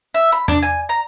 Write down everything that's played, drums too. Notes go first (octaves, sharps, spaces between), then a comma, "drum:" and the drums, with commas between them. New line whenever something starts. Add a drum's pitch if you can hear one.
E5
B5
D4, drum: tom E2
G#5
A#5